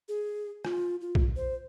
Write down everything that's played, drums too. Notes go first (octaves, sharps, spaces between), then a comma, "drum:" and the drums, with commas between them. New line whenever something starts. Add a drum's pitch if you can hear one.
G#4
F4, drum: rim click
F4
drum: kick B1
C5